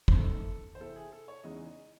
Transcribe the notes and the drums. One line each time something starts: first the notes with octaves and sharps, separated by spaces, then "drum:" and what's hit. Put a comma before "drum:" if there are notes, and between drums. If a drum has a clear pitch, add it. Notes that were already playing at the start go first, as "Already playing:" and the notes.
C5, drum: kick
F#2 D#3 A3 C4 D#4 A4
C5
C3 E3 C4 E4 A4
G#4
A4
C#5
E2 C#3 E3 G#3 D#4 D#5